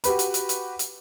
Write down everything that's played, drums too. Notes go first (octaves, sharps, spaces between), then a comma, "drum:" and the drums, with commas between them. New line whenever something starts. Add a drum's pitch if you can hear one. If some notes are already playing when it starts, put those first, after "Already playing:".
F#4 G4 B4 B5, drum: hi-hat
drum: hi-hat
drum: hi-hat
drum: hi-hat
drum: hi-hat